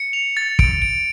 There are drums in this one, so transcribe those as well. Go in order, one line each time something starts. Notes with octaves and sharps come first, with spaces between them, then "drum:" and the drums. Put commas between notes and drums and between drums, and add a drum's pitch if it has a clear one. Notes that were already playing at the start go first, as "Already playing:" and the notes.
Already playing: C#7
F7
A6
D7, drum: kick
D7